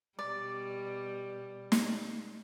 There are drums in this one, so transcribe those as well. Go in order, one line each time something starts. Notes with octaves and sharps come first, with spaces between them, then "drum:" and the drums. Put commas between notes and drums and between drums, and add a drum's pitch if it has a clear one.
B2 G3 D5
drum: snare